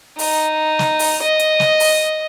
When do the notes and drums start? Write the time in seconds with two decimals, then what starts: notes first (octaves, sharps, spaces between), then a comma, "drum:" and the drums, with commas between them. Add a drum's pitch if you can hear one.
0.19 D#4, drum: open hi-hat
0.79 drum: snare
0.99 drum: open hi-hat
1.23 D#5
1.39 drum: hi-hat
1.60 drum: snare
1.80 drum: open hi-hat